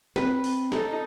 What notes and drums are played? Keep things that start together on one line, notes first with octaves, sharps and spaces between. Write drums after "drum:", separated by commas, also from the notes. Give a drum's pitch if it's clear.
C4 B4, drum: snare
drum: open hi-hat
D#4 A4, drum: snare